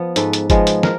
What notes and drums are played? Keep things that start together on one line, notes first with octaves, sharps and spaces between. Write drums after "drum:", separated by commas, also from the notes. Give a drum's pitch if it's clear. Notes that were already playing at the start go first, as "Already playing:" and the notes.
Already playing: F3 B3
G#2 A4 B4, drum: hi-hat
drum: hi-hat
F3 G#3 B3, drum: kick G1, hi-hat
drum: hi-hat
A#4, drum: snare